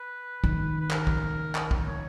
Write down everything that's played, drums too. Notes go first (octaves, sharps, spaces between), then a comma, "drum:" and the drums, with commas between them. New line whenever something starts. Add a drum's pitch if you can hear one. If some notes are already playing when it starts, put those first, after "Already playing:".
Already playing: B4
D#3, drum: kick
B4
A#4, drum: clap
drum: kick
drum: clap
drum: kick
C#5